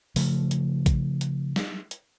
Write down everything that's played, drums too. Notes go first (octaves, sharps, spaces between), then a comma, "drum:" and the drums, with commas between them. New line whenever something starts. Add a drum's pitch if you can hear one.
C#3 F3 A3, drum: open hi-hat
drum: hi-hat
drum: kick A#1, hi-hat
drum: hi-hat
drum: snare
drum: hi-hat